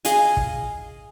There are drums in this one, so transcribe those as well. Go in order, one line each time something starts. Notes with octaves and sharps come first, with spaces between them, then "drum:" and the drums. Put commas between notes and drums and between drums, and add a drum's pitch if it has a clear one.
G#4 D#5 F5 G#5, drum: hi-hat
drum: kick